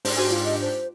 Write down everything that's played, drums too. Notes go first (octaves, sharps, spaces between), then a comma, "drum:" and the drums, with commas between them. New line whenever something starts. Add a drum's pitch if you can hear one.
G#2 D4 G4 C5, drum: open hi-hat
F#4 C5 G#5
F4
D#5
C5